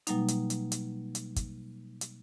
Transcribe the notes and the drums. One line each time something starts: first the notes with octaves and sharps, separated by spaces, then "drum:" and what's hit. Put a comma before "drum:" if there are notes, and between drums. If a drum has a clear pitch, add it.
B2 F#3 G3 A#3 D#4, drum: hi-hat
drum: hi-hat
drum: hi-hat
drum: hi-hat
drum: hi-hat
drum: kick, hi-hat
drum: hi-hat